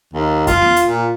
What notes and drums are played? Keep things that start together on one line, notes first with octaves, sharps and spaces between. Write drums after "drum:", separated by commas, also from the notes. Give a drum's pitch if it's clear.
D#2
F4, drum: kick F2, hi-hat
drum: snare B3
drum: hi-hat
A#2